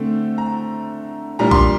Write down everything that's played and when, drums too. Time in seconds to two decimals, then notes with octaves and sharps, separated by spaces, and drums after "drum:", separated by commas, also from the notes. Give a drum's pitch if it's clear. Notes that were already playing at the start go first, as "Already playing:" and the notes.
Already playing: D3 A3 C4
0.38 A#5
1.39 A#2 G3 D4 A#5
1.51 C6, drum: kick A#1